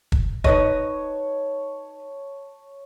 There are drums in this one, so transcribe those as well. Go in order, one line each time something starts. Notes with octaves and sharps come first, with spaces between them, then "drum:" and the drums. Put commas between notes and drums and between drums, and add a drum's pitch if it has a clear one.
drum: kick
D#4 B4 C#5 D#5 A5, drum: kick